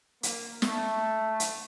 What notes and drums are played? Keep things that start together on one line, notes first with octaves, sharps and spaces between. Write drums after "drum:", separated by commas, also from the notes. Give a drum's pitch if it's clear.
A#3, drum: hi-hat
A3, drum: snare
drum: hi-hat